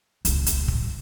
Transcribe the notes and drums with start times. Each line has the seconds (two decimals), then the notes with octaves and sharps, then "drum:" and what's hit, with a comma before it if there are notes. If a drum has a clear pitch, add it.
0.25 D#1 C#2, drum: hi-hat
0.46 drum: hi-hat
0.68 drum: kick